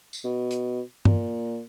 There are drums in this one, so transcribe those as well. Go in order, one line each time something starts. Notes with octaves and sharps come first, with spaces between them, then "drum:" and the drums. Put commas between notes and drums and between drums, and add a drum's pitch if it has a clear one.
drum: tambourine
B2
drum: hi-hat
A#2, drum: tom G2